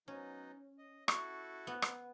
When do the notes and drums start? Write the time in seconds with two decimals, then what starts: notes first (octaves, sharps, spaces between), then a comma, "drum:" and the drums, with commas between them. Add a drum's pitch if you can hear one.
0.08 F#3 B3 C#4 D#4
0.78 D#5
1.08 E4 F#4 A4 C#6, drum: rim click
1.67 B3
1.82 drum: rim click